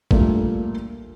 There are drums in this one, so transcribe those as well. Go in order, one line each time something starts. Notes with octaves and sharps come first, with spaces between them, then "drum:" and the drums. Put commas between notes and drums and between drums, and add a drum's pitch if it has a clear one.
A#2 G3 A3 A#3 D4, drum: kick